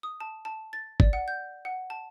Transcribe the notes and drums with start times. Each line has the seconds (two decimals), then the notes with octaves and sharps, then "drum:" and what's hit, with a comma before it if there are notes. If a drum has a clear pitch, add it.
0.03 D#6
0.21 A5
0.45 A5
0.73 A6
1.00 D5, drum: kick
1.13 F#5
1.28 G6
1.65 F#5
1.90 A5